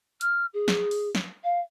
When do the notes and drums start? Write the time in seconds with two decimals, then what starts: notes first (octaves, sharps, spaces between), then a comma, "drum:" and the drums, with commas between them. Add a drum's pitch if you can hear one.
0.21 F6, drum: hi-hat
0.53 G#4
0.68 drum: snare
0.91 drum: open hi-hat
1.15 drum: snare
1.44 F5